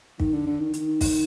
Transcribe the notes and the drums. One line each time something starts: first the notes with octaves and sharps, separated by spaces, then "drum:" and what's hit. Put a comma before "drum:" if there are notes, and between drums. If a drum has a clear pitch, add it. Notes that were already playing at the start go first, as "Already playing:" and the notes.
D#3, drum: kick
D3
D3
D#3
D#3, drum: hi-hat
drum: kick, open hi-hat